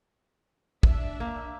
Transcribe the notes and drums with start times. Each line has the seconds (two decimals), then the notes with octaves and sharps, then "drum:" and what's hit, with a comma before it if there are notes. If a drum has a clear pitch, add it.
0.83 D4 E5, drum: kick
1.20 A#3